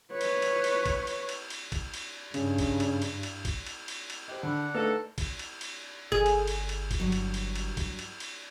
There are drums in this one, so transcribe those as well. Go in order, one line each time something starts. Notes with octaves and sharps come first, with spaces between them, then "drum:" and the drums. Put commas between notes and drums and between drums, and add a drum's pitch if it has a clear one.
B4 C#5
drum: cymbal
drum: cymbal
drum: cymbal
drum: kick, cymbal
drum: cymbal
drum: cymbal
drum: cymbal
drum: kick, cymbal
drum: cymbal
G2 C#3, drum: cymbal
drum: kick, cymbal
drum: cymbal
drum: cymbal
drum: cymbal
drum: kick, cymbal
drum: cymbal
drum: cymbal
drum: cymbal
G4 C5 D#5 F#6
D3 D4 F#5 B5 E6
A3 D#4 A4 B4 F5
drum: kick, cymbal
drum: cymbal
drum: cymbal
G1 G#4
drum: cymbal
drum: cymbal
drum: cymbal
drum: kick, cymbal
G2 F#3
drum: cymbal
drum: cymbal
drum: cymbal
drum: kick, cymbal
drum: cymbal
drum: cymbal